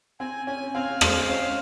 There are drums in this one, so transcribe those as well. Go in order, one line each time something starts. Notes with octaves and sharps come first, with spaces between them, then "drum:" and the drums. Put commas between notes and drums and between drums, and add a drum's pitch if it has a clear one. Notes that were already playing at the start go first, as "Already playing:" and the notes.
C4 G#5
C#4 G#5
C4 F5
G#3 C5, drum: rim click
C#4 F5